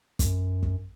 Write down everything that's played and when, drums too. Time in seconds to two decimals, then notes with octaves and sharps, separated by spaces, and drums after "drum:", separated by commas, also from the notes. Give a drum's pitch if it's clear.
0.19 F#2, drum: kick, hi-hat
0.63 drum: kick